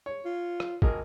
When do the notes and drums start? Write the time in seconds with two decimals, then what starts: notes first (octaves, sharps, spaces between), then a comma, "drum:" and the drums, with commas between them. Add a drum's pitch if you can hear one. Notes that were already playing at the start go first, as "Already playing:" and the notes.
0.06 C#5
0.25 F4
0.60 drum: rim click
0.82 G#1 G#4 A#4, drum: kick